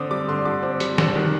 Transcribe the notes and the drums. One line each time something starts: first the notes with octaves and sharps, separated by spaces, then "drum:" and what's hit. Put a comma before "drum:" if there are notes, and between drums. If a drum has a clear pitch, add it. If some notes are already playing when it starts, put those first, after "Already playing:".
Already playing: D3 C4 D6 D#6
G3 D6
D3 C6
D3 D6
C4
G3, drum: hi-hat
D3, drum: snare
D#3